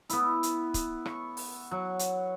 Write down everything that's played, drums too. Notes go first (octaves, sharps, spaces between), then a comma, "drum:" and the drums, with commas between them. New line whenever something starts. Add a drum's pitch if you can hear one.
B3 E4, drum: hi-hat
drum: hi-hat
drum: kick C#1, hi-hat
C#6, drum: rim click
drum: open hi-hat
F#3
drum: hi-hat